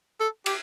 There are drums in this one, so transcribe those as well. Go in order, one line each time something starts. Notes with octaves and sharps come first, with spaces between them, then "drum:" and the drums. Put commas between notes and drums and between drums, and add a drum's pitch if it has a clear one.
A4
G4, drum: cymbal